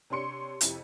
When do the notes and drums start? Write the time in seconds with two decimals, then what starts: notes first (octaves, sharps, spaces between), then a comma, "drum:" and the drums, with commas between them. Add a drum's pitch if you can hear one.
0.10 C3 D4 C#5 C6 C#7
0.61 F2 C3 E4, drum: hi-hat